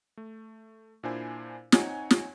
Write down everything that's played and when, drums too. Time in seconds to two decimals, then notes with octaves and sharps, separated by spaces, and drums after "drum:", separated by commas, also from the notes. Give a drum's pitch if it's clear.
0.17 A3
1.03 A#2 D4 E4 C5 G#5
1.72 C4 D#4 C#5 F#5 G#5, drum: snare
2.11 drum: snare